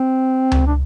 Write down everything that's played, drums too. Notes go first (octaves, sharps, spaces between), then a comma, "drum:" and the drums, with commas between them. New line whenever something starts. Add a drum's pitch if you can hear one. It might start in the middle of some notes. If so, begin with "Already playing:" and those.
Already playing: C4
drum: tom C#2
D4